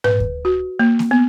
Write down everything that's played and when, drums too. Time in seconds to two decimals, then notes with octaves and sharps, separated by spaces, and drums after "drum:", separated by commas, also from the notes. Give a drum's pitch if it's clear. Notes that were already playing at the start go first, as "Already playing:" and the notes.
0.04 B4, drum: tom G#2
0.20 drum: kick D2
0.45 F#4
0.79 A#3
0.99 drum: snare A#3
1.11 B3